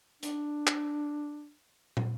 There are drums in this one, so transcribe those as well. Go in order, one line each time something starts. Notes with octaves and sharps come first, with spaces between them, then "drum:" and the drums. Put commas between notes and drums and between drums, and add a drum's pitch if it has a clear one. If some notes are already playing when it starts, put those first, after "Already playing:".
D4, drum: hi-hat
drum: clap
drum: tom